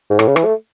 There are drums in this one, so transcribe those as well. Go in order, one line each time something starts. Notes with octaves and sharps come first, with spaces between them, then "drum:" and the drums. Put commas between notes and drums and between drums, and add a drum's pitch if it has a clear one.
G#2
A2, drum: rim click
C#3
E3, drum: rim click
A3